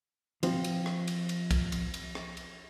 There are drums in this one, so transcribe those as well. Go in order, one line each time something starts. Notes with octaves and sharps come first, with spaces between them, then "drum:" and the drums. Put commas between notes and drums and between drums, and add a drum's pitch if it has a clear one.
F3 C4 F4, drum: cymbal
drum: cymbal
drum: rim click
drum: cymbal
drum: cymbal
drum: kick, cymbal
drum: cymbal
drum: cymbal
drum: rim click
drum: cymbal